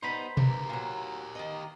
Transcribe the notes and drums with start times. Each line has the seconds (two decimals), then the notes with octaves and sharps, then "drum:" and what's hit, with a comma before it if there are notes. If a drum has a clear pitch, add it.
0.03 G3 B3 D#4 C5 B5
0.37 E2 G2 G4 A#4, drum: tom B2
0.69 A#2 F#3
1.35 D#3 D#5